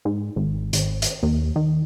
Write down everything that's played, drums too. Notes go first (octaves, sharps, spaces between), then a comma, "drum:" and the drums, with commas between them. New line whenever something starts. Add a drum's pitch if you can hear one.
G#2
G#1
G#1, drum: hi-hat
drum: hi-hat
D#2
D#3